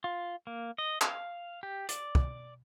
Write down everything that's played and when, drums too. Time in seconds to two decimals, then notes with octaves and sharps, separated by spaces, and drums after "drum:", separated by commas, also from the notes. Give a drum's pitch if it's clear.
0.04 F4
0.47 A#3
0.78 D#5
1.01 F5, drum: clap
1.63 G4
1.89 D5, drum: hi-hat
2.15 drum: kick